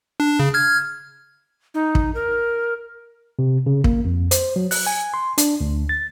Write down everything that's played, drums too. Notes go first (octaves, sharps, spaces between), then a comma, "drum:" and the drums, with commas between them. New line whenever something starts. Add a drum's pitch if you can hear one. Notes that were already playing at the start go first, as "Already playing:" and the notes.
D4
C#3
F6 G#6
D#4
drum: kick
A#4
C3
C#3
A#3, drum: kick
F2
C5, drum: hi-hat
F#3
F#6, drum: open hi-hat
G#5
C6
D4, drum: hi-hat
D2
A6